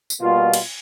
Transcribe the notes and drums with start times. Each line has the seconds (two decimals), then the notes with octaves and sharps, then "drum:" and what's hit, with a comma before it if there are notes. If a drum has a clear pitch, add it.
0.10 drum: tambourine
0.21 B2 G3 A#3 F4
0.54 drum: cymbal